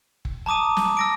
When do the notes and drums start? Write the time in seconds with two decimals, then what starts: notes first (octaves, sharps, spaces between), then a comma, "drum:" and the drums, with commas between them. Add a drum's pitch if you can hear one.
0.25 drum: kick F#1
0.46 A5 A#5 D6 D#6 D#7
0.77 drum: snare
0.97 E6 A#6 D7